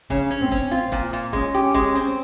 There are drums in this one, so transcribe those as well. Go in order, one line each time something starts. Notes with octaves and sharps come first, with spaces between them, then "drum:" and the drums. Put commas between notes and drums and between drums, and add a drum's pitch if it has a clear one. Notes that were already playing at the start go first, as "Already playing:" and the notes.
C#3 C#4, drum: kick E1, hi-hat
C#4, drum: hi-hat
C4
C#4, drum: kick E1, hi-hat
C4 F4, drum: hi-hat
A#2, drum: kick E1, hi-hat
A#2, drum: hi-hat
G#3 C#4, drum: kick E1, hi-hat
G4, drum: hi-hat
G#3, drum: kick E1, hi-hat
C4, drum: hi-hat